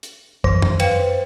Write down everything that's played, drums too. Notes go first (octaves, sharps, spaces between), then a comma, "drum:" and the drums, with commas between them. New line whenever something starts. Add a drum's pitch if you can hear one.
drum: hi-hat
F#2 E3 C5, drum: kick
drum: tom F2
B4 F5 G5, drum: cymbal